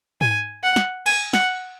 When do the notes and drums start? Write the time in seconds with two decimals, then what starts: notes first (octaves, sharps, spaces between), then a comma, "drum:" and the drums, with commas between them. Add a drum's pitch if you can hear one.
0.21 G#5, drum: tom G#2
0.63 F#5
0.76 drum: snare
1.06 G#5, drum: cymbal
1.33 F#5, drum: snare